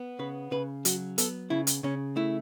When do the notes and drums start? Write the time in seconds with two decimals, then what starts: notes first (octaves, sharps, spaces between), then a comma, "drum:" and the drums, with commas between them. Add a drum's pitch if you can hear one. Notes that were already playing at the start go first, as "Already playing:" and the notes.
Already playing: B3
0.19 C#3 B4
0.51 C#3 B4
0.85 F#3 F#4, drum: hi-hat
1.18 B3 A4, drum: hi-hat
1.50 C#3 E4
1.67 drum: hi-hat
1.83 C#3 C#4
2.16 A3 E4